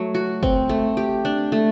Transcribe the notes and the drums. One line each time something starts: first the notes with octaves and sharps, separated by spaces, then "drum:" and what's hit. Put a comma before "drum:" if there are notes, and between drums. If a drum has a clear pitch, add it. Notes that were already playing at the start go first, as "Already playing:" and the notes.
Already playing: F#3 A3
F#4
C4, drum: kick
A3
G4
D4
A3